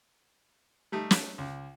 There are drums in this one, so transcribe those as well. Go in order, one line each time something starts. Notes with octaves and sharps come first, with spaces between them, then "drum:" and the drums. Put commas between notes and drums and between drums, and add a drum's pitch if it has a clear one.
G3 A3 D#4
drum: snare
C#2